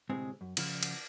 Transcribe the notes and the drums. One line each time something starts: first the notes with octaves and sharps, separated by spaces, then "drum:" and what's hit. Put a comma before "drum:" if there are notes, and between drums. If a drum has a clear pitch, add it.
D2 A2 C3 G#3 C4 G#4
F#2
C#3 F3, drum: cymbal
drum: cymbal